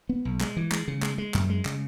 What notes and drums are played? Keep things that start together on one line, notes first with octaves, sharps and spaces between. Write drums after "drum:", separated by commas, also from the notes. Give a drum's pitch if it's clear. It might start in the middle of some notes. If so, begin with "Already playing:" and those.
B3
B1
G#3, drum: clap
E3
G#3, drum: clap
C#3
G#3, drum: clap
G#3
F#2, drum: clap
G#3
C#3, drum: clap